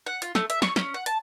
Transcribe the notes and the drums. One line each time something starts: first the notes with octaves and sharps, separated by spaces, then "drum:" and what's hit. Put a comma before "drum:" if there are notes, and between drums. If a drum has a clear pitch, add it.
F#5
F4, drum: hi-hat
A3, drum: snare
E5, drum: hi-hat
C#6, drum: snare
C#4, drum: snare
F#5
A5, drum: hi-hat